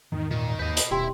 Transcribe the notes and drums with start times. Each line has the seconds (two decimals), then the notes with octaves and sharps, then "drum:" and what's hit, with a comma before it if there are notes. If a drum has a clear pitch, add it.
0.12 E2 G#2 D#3 E3
0.31 A#2 D#3
0.59 D#2 B4 D#5 G6
0.77 drum: hi-hat
0.91 D#1 B2 E4 G4 G5 C6